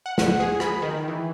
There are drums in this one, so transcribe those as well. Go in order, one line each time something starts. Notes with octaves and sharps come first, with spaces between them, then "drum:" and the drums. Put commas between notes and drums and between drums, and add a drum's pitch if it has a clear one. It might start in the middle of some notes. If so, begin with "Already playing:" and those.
F#5
drum: snare
G#4
B5, drum: rim click
D#3
E3